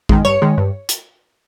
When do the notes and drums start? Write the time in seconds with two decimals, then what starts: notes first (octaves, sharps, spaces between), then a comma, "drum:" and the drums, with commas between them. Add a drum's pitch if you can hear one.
0.09 D#3 G#3, drum: kick
0.25 G2 C#5
0.42 D#3 G#3
0.58 G2
0.89 drum: hi-hat